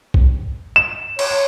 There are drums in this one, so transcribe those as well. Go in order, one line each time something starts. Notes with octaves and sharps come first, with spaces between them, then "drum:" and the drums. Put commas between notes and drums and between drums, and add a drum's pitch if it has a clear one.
drum: kick B1
E7
C#5, drum: cymbal